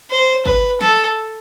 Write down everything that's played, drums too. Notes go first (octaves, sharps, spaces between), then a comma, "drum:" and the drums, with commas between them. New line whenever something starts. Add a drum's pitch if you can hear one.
C5
B4, drum: kick
A4, drum: snare